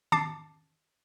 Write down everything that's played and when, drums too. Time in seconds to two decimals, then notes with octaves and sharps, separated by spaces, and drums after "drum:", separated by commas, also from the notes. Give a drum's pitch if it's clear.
0.12 A5 D6 A6 C7, drum: tom D#3